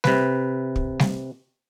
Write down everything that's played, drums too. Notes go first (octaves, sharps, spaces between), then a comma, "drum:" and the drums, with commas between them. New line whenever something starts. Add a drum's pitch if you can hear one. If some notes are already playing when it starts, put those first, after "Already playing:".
C3 B4, drum: snare G3
drum: kick
drum: snare G3